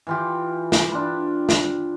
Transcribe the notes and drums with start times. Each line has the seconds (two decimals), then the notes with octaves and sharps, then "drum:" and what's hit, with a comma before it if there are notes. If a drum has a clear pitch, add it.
0.07 E3 F4 G4
0.72 drum: snare
0.91 D4 F4 B5
1.49 drum: snare